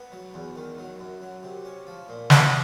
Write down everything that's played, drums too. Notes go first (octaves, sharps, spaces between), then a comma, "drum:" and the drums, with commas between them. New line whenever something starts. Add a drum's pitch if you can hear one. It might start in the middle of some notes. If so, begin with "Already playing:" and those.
Already playing: B3
F#3
E2
D#3
F#3
F#2
F#3
C3
C#4
F3
A#2
E3, drum: snare